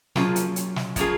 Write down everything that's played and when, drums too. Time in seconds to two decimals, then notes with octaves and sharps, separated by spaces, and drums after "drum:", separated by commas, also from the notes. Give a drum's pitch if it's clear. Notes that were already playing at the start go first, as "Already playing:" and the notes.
0.16 F3 F#3 A#3 C#4 F4 G#4, drum: snare
0.36 drum: hi-hat
0.56 drum: hi-hat
0.76 drum: snare
0.96 F3 A#3 C#4 F4 G#4, drum: kick, hi-hat